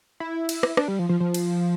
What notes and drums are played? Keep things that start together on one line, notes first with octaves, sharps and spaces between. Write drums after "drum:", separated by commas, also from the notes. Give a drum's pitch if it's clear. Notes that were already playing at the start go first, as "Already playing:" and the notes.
E4
drum: cymbal
drum: rim click
D4, drum: rim click
G3
F3
F3
F3
drum: cymbal